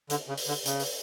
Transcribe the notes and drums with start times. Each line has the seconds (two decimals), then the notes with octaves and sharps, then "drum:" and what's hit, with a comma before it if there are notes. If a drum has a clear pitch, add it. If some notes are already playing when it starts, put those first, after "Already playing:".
0.10 D3, drum: hi-hat
0.28 C#3
0.38 drum: open hi-hat
0.47 D3
0.66 C#3, drum: hi-hat
0.80 drum: open hi-hat